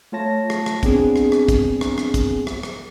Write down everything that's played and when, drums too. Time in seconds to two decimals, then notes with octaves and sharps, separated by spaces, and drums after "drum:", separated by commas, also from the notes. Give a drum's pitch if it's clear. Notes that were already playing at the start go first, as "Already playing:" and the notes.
0.12 A3 F4 C#5 A5 A#6
0.50 drum: rim click
0.66 drum: rim click
0.83 B3 C4 D4 G#4, drum: kick, hi-hat
1.16 drum: rim click
1.32 drum: rim click
1.48 drum: kick, hi-hat
1.81 drum: rim click
1.98 drum: rim click
2.14 drum: kick, hi-hat
2.47 drum: rim click
2.63 drum: rim click